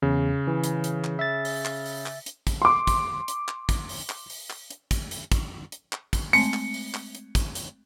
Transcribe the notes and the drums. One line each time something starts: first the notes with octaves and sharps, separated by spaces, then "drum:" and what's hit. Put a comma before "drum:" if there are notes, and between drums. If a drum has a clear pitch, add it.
E2 C#3
E3
drum: hi-hat
drum: hi-hat
drum: clap
E5 A6
drum: open hi-hat
drum: clap
drum: open hi-hat
drum: clap
drum: hi-hat
drum: kick, hi-hat
C6 D6
drum: kick, hi-hat
drum: hi-hat
drum: clap
drum: kick, hi-hat
drum: open hi-hat
drum: clap
drum: open hi-hat
drum: clap
drum: hi-hat
drum: kick, hi-hat
drum: hi-hat
drum: kick, hi-hat
drum: hi-hat
drum: clap
drum: kick, hi-hat
G#3 A3 C4 C#7, drum: open hi-hat
drum: clap
drum: open hi-hat
drum: clap
drum: hi-hat
drum: kick, hi-hat
drum: hi-hat